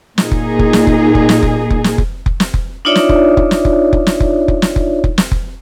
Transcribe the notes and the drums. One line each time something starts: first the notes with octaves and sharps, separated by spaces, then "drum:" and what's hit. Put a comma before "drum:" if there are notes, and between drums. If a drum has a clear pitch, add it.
A#2 D#4 G#4, drum: snare
drum: kick F1
drum: kick F1
drum: snare
drum: kick F1
drum: kick F1
drum: snare
drum: kick F1
drum: kick F1
drum: snare
drum: kick F1
drum: kick F1
drum: snare
drum: kick F1
D4 D#4 F4 C#5 D5 E5
drum: snare
drum: kick F1
drum: kick F1
drum: snare
drum: kick F1
drum: kick F1
drum: snare
drum: kick F1
drum: kick F1
drum: snare
drum: kick F1
drum: kick F1
drum: snare
drum: kick F1